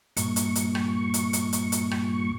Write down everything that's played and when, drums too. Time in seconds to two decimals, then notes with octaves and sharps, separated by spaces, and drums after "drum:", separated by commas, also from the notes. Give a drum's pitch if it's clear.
0.17 G2 A#2 C#6, drum: hi-hat
0.36 drum: hi-hat
0.55 drum: hi-hat
0.75 drum: rim click
1.14 drum: hi-hat
1.33 drum: hi-hat
1.53 drum: hi-hat
1.72 drum: hi-hat
1.91 drum: rim click